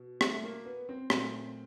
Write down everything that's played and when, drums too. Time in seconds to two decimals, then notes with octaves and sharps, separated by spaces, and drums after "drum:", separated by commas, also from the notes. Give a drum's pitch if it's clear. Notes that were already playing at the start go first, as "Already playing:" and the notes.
Already playing: B2
0.21 A3, drum: rim click
0.32 A3
0.44 A#3
0.66 B3
0.89 C4
1.10 A#2 F#3 A3 C4, drum: rim click